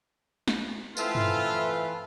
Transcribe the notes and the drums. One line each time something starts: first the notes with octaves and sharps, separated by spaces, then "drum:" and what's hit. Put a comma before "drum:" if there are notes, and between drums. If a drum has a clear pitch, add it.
drum: snare
E3 A3 C4 F4 A4 B4, drum: tambourine
drum: tom